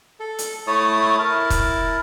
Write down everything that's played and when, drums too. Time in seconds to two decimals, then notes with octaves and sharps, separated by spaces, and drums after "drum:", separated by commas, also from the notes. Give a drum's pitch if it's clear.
0.20 A4
0.39 drum: hi-hat
0.67 A3 E4 C#5 A5 D#6
1.19 E4 A#4 A5
1.50 drum: kick E1, hi-hat